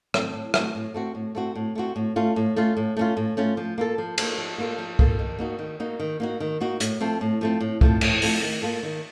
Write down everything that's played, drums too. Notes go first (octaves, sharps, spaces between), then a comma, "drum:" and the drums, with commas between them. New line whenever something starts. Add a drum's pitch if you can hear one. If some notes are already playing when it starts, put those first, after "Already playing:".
A3 C4, drum: rim click
A2
A3 C4 F#4, drum: rim click
A2
A3 C4 F#4
A2
A3 C4 F#4
A2
A3 C4 F#4
A2
A3 C#4 F4
A2
A3 C#4 F4
A2
A3 C#4 F4
A2
A3 C#4 F4
F3
A#3 F4 A4
F3
A#3 F4 A4, drum: cymbal
F3
A#3 F4 A4
F3
A#3 F4 A4, drum: kick C2
D#3
A#3 D#4 F#4
D#3
A#3 D#4 F#4
D#3
A#3 D#4 F#4
D#3
A#3 D#4 F#4
A2, drum: hi-hat
F3 A3 C4
A2
F3 A3 C4
A2
F3 A3 C4, drum: kick C2
A2, drum: cymbal
F3 A3 C4, drum: open hi-hat
D#3
A#3 F4 A4
D#3